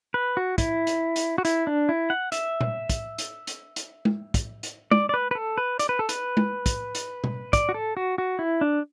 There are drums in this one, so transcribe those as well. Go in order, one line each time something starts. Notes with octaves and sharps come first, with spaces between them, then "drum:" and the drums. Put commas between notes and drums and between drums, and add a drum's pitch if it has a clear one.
B4
F#4
E4, drum: kick, hi-hat
drum: hi-hat
drum: hi-hat
F#4
E4, drum: hi-hat
D4
E4
F#5
E5, drum: hi-hat
drum: tom A#2
drum: kick, hi-hat
drum: hi-hat
drum: hi-hat
drum: hi-hat
drum: tom G#3
drum: kick, hi-hat
drum: hi-hat
D5, drum: tom G#3
D5
B4
B4
A4
B4
D5, drum: hi-hat
B4
A4
B4, drum: hi-hat
drum: tom G#3
drum: kick, hi-hat
drum: hi-hat
drum: tom B2
D5, drum: kick, hi-hat
F#4
A4
F#4
F#4
E4
D4